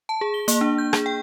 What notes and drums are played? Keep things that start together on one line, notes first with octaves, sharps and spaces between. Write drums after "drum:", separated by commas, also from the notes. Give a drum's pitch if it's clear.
A5
G#4
G7
A#3, drum: hi-hat
D4
G6
G#4, drum: rim click
G5